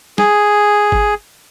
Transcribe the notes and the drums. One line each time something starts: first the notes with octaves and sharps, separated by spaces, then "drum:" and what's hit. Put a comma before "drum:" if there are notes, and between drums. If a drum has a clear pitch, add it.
G#4, drum: snare
drum: kick G#1